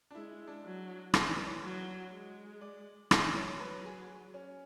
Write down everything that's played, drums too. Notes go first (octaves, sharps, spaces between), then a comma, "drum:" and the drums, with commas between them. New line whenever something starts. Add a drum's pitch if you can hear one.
D4
G#3 E4
E4
D4
F#3
E3 D4, drum: rim click
D4
C#5
F#3
G#3
D5
E3 D5, drum: rim click
C#5
F#3 B4
G#4
C#4